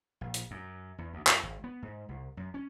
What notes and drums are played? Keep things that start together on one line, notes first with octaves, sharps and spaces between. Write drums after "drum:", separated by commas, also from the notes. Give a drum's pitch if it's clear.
A#1
drum: hi-hat
F#2
E2
D2
F#2, drum: clap
G#1
B3
G#2
C2
F#2
C#4